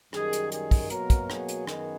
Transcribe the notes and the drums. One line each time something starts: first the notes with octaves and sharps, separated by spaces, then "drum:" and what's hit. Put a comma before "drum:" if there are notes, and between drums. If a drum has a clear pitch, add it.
F#2 D#3 G3 G#4, drum: rim click
drum: hi-hat
G#4, drum: hi-hat
drum: kick, open hi-hat
B2 F#3 A#3 A#4, drum: hi-hat
drum: kick, hi-hat
G#4, drum: rim click
drum: hi-hat
F#2 D#3 B3, drum: rim click